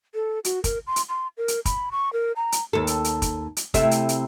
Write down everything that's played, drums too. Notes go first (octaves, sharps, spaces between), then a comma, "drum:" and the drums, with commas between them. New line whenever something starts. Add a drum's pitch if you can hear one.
A4
F#4, drum: hi-hat
A#4, drum: kick, hi-hat
C6
drum: hi-hat
C6
A#4
drum: hi-hat
B5, drum: kick, hi-hat
C#6
A#4
A#5
drum: hi-hat
D#2 A4
drum: hi-hat
drum: hi-hat
drum: kick, hi-hat
drum: hi-hat
C3 A3 E4, drum: kick, hi-hat
drum: hi-hat
drum: hi-hat